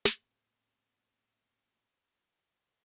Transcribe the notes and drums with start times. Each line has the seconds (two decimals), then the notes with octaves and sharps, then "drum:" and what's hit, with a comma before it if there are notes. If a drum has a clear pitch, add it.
0.05 drum: snare
0.17 A2 C#3 F#3 A#3 C4 C#4